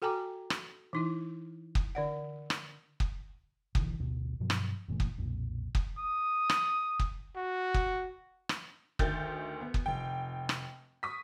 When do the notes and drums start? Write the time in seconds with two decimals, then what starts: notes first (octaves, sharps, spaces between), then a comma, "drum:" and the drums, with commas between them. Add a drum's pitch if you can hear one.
0.02 F#4 A4 G5 G#5 A#5 D6
0.50 drum: rim click
0.93 E3 D#4 E4
1.75 drum: kick
1.95 D3 D5 F#5
2.50 drum: rim click
3.00 drum: kick
3.75 B1 D3 E3, drum: kick
3.99 A1 D2 B2
4.40 G2 B2 F3 F#3
4.50 drum: rim click
4.88 F#1 A#2 E3 A3
5.00 drum: kick
5.18 B1 F2 A#2
5.75 drum: kick
5.98 D#6
6.50 drum: rim click
6.99 drum: kick
7.36 F#4
7.74 drum: kick
8.49 drum: rim click
8.99 D2 D#3 G5 G6 A6, drum: kick
9.61 B3
9.74 drum: kick
9.86 F1 G5
10.49 drum: rim click
11.03 C#6 D#6 B6